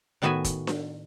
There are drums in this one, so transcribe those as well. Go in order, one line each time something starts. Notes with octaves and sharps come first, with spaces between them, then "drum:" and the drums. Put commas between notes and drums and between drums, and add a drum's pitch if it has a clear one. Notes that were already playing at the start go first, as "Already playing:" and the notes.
A2 D#3 B3 F#4 E5 G#5
drum: kick, hi-hat
drum: snare D4